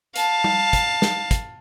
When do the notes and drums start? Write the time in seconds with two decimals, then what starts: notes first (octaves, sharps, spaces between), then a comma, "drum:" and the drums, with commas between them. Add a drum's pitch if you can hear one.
0.15 F5 A5, drum: hi-hat
0.44 drum: tom
0.73 drum: kick, hi-hat
1.02 drum: snare
1.31 drum: kick, hi-hat